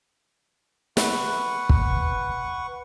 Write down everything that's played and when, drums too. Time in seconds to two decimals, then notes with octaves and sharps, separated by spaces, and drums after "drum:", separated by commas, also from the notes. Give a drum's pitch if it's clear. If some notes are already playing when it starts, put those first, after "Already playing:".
0.97 B4 F#5 C#6, drum: snare
1.69 drum: kick